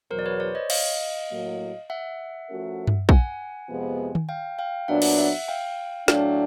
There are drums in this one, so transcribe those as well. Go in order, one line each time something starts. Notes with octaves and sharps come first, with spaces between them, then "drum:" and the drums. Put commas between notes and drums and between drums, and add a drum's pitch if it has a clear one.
E2 B2 F#3 A#4 C5
D5
B4 C#5
C5 D5
C#5 D#5
D#5 F5, drum: cymbal
A2 F#3 A#3
E5 F#5
F3 A3 C#4 F#4 A#4
drum: tom G2
F#5 G#5, drum: kick A#1
F2 C3 F3 G#3 B3
drum: tom D#3
F5 G5
F5 G5
A#2 F#3 B3 D4 E5 F#5
drum: cymbal
E5 F#5
F5 G5
A2 F#3 A3 D4 F5 G5, drum: snare